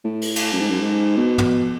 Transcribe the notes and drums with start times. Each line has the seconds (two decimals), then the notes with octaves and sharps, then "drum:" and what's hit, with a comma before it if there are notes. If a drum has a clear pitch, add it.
0.04 A2
0.21 drum: open hi-hat
0.36 drum: cymbal
0.53 F#2
0.60 G#2
0.70 F#2
0.80 G#2
1.17 B2
1.38 drum: tom